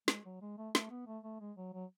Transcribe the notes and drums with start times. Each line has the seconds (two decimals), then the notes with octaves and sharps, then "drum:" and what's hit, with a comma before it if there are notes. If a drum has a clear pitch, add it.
0.08 G#3, drum: snare
0.25 F#3
0.41 G#3
0.58 A3
0.75 A3, drum: snare
0.90 B3
1.07 A3
1.24 A3
1.40 G#3
1.57 F#3
1.73 F#3